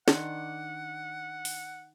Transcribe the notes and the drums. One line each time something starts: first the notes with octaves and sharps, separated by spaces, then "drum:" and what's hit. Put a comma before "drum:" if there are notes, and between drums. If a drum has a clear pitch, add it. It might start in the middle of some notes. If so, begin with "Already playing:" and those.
D#3 D4 F#5 C6, drum: snare
drum: open hi-hat